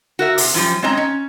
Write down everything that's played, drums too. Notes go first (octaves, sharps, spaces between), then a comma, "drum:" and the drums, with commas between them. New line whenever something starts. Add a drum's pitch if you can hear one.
F#4 A#4 E5
C3, drum: open hi-hat
F#2 F3 G3
G#3 C4 C#4 D#5 A#5
C#4